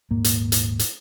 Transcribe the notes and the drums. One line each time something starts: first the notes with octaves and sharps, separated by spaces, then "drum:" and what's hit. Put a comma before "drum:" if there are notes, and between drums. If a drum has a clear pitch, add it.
D#1 G#2 A#3
drum: hi-hat
drum: hi-hat
drum: hi-hat